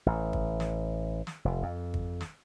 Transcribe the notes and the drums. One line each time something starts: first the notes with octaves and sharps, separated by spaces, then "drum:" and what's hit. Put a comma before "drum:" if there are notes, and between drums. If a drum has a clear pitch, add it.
A1
drum: kick
drum: snare
drum: snare
F1
F2
drum: kick
drum: snare